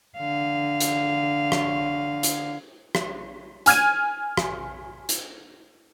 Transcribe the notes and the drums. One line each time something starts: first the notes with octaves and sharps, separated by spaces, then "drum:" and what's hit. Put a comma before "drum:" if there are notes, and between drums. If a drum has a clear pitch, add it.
D3 F5
drum: hi-hat
drum: rim click
drum: hi-hat
drum: rim click
G#5 F6 G#6 D#7, drum: hi-hat
drum: rim click
drum: hi-hat